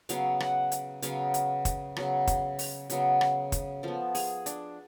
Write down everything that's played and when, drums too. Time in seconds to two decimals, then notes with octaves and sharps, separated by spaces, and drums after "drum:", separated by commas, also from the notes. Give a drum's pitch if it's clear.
0.09 C#3 F#3 B3 F5, drum: hi-hat
0.40 F#5, drum: rim click
0.72 drum: hi-hat
1.02 C#3 F#3 B3 F5, drum: hi-hat
1.34 drum: hi-hat
1.65 drum: kick, hi-hat
1.96 C#3 F#3 B3, drum: rim click
2.27 drum: kick, hi-hat
2.59 drum: open hi-hat
2.90 C#3 F#3 B3, drum: hi-hat
3.21 drum: rim click
3.52 drum: kick, hi-hat
3.83 F3 B3 A4
4.15 G#4, drum: open hi-hat
4.46 D4, drum: hi-hat